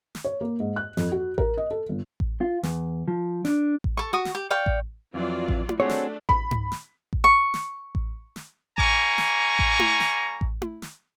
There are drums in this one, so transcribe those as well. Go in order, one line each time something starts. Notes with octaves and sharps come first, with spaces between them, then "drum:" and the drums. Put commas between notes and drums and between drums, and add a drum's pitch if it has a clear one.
drum: snare
C#5
A#3
G#2
F#6
F2, drum: snare
F#4
A#4, drum: kick A1
D#5
A4
G1
drum: kick A1
F4
E2, drum: snare
F3
D4, drum: snare
drum: kick A1
A4 C#6
F#4 C#6 D#6
drum: snare
G4
D5 F5 G5 C#6
drum: kick A1
F2 E3 F#3 F4 D5
drum: kick A1
drum: tom E4
A3 C4 D4 F#4 G#4 C#5
drum: snare
B5, drum: kick A1
drum: tom G#2
drum: snare
drum: kick A1
C#6
drum: snare
drum: kick A1
drum: snare
G3 A#3 G#5 A#5 C#6, drum: kick A1
drum: snare
drum: kick A1
drum: tom E4
drum: snare
drum: kick A1
drum: tom E4
drum: snare